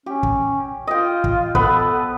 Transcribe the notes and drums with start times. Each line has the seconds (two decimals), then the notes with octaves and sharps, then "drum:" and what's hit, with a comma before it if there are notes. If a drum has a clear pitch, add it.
0.06 C#4 G4
0.23 drum: kick
0.87 F4 D#5 G5
1.24 drum: kick
1.55 B3 A4 B4 C5, drum: kick